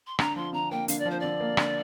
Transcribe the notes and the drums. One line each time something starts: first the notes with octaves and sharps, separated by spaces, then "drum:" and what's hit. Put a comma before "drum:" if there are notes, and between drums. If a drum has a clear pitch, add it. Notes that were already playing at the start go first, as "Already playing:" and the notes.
C6
D3 A#5, drum: rim click
F3 C6
D3 A#5
A#3 G5
D3 F5, drum: hi-hat
D5
F3 C5
D3 D5
A#3
D3, drum: rim click